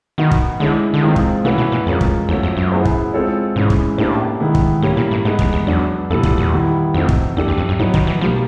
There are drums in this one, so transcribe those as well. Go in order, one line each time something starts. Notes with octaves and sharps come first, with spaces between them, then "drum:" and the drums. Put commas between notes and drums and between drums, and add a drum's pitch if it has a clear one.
D#3 B3 D#4 F#4
drum: kick
D3 G#3 C#4 E4
D3
D#3 F3 G#3 C4 F4 G#4
drum: kick
C#3 E3 A3 C#4 F#4 B4
B2
A#2
F2 G#3 C#4 F4 A#4
drum: kick
E2 F3 A3 C#4 F#4
F2
F#2
B3 E4 G#4 C5
drum: kick
G#3 C4 F4 A4 C#5
G#2 C#3 E3 G#3 C#4
drum: kick
A2 A#3 D4 G4 C5
D#3 G#3 B3 E4
drum: kick
A2 G3 A#3 C#4 E4
A#2
A2
A2 G#3 B3 D#4
E2, drum: kick
E2
E2 F#3 B3 D4
F2 A#2 G3 B3 E4 A4
E2, drum: kick
E2
D#3 G3 B3 E4
F2 A3 C4 D#4 F#4
drum: kick
E2 A3 D4 G4
E2
F2
F#2
A2 F#3 B3 D#4
D#3, drum: kick
E3
B2 F3 G3 A#3